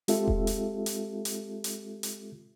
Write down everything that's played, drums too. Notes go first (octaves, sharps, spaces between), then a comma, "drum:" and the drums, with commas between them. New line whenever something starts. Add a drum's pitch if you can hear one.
G#3 C4 F4 G4 A4 E5, drum: hi-hat
drum: kick E1
drum: hi-hat
drum: hi-hat
drum: hi-hat
drum: hi-hat
drum: hi-hat